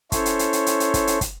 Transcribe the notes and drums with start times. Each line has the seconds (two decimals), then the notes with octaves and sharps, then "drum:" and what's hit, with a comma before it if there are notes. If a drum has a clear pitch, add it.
0.12 C#4 E4 A4 C5 C#5, drum: kick, hi-hat
0.25 drum: hi-hat
0.39 drum: hi-hat
0.53 drum: hi-hat
0.66 drum: hi-hat
0.80 drum: hi-hat
0.94 drum: kick, hi-hat
1.07 drum: hi-hat
1.21 drum: kick, hi-hat